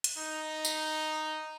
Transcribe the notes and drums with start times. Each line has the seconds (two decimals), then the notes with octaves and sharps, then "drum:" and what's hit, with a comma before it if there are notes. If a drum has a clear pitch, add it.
0.04 drum: hi-hat
0.18 D#4
0.65 drum: tambourine